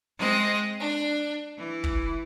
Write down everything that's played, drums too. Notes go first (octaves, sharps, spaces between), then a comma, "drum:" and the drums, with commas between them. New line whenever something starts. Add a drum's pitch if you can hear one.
G#3 C4 D#5
D4
E3
drum: kick